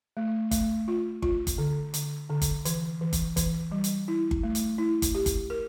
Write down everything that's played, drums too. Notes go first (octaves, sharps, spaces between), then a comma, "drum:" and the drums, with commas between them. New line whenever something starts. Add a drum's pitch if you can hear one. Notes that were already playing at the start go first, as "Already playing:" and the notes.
A3
A3, drum: kick G1, hi-hat
F4
F4, drum: kick G1
drum: kick G1, hi-hat
D3
D3, drum: hi-hat
D3
drum: kick G1, hi-hat
E3, drum: hi-hat
E3
drum: kick G1, hi-hat
E3, drum: kick G1, hi-hat
G3
drum: hi-hat
E4
drum: kick G1
A3
drum: hi-hat
E4
drum: kick G1, hi-hat
G4
drum: kick G1, hi-hat
A#4